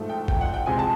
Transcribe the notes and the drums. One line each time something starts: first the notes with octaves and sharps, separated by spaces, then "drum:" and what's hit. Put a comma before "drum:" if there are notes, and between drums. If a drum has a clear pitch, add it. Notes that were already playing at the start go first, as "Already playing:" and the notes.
Already playing: G#2 F3 A3
G5
G5, drum: kick G#1
F#5
G5
C3 F3 G#3 G#5
A5